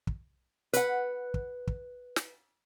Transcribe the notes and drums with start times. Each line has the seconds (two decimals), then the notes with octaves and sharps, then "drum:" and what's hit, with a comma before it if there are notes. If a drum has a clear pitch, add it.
0.07 drum: kick
0.73 B4 F#5, drum: hi-hat
1.34 drum: kick
1.67 drum: kick
2.16 drum: snare